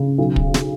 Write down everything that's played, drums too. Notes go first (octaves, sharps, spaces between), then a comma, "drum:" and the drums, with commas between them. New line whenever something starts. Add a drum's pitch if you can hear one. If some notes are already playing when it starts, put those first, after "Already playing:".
Already playing: C#3
B1
drum: kick
drum: snare